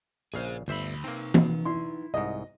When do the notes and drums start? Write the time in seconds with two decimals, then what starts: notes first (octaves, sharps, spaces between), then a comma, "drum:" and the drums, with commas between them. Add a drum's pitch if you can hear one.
0.34 A#1 C#3 G#4 C5 F5
0.68 G1 D2 C5 E5 B5
1.04 A#3 C4 D#4 B4
1.34 drum: tom E3
1.65 E4 C6
2.14 C2 G#2 D#5